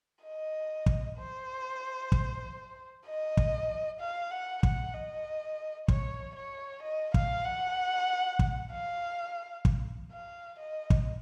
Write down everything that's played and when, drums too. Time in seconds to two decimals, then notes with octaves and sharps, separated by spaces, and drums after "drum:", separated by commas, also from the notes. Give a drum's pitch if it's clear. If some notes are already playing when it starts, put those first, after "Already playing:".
0.24 D#5
0.86 drum: kick
1.18 C5
2.12 drum: kick
3.06 D#5
3.37 drum: kick
4.00 F5
4.31 F#5
4.63 F#5, drum: kick
4.94 D#5
5.88 C#5, drum: kick
6.36 C#5
6.83 D#5
7.14 F5, drum: kick
7.45 F#5
8.39 drum: kick
8.71 F5
9.65 drum: kick
10.12 F5
10.59 D#5
10.90 drum: kick